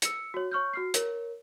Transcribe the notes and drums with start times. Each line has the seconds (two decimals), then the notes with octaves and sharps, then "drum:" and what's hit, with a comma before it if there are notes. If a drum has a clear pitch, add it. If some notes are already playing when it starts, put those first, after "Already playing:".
0.02 E6 C#7, drum: hi-hat
0.34 F#4 C#5
0.51 C#5 C#6 F6 G6
0.73 F#4 F6 C7
0.94 A#4 C#5, drum: hi-hat